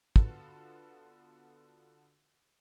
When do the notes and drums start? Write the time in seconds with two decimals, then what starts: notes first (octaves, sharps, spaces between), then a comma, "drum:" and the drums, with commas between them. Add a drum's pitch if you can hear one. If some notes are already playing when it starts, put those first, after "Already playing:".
0.16 D3 B3 F4 F#4 A4, drum: kick